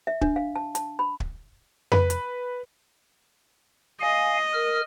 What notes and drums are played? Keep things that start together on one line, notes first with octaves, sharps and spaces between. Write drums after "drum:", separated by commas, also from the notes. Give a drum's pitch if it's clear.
E5
D4, drum: kick
F5
A5
A5, drum: hi-hat
B5
drum: kick
B4, drum: tom F2
drum: hi-hat
D#5 F5 G#5
A#4 F6